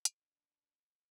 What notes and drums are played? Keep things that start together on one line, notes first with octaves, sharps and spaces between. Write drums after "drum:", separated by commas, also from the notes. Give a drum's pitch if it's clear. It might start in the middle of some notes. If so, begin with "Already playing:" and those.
drum: hi-hat
D4